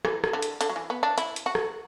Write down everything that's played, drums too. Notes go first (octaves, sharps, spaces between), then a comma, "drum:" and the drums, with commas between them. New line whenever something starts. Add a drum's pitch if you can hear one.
E3, drum: rim click
drum: rim click
D3
drum: hi-hat
D3, drum: hi-hat
F#3
E3
B3
D4
E4, drum: hi-hat
drum: hi-hat
F#4
drum: rim click